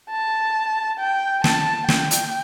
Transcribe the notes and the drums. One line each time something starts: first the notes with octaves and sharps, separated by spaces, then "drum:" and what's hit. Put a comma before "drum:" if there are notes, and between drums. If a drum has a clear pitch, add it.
A5
G5
A5, drum: snare
G5, drum: snare
drum: hi-hat